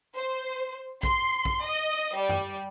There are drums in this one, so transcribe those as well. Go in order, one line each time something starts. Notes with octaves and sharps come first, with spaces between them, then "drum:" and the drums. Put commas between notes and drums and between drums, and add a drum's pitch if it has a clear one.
C5
C6, drum: kick A#1
drum: kick A#1
D#5
G3
drum: tom F#2